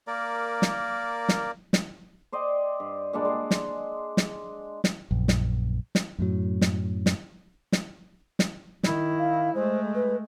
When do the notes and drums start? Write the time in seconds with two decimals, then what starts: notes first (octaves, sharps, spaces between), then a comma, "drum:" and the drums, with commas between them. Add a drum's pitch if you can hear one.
0.07 A#3 A#4 D5
0.62 drum: snare
1.29 drum: snare
1.73 drum: snare
2.33 C5 D5 D#5 G5
2.80 G2
3.13 A#2 G3 G#3 D4
3.25 G#3 G#4
3.51 drum: snare
4.17 drum: snare
4.84 drum: snare
5.11 A#1 F#2
5.28 drum: snare
5.95 drum: snare
6.18 F#2 A2 F#3
6.61 drum: snare
7.06 drum: snare
7.72 drum: snare
8.39 drum: snare
8.83 D#3 E4, drum: snare
9.18 F5
9.55 G#3 A3 C5
9.95 B4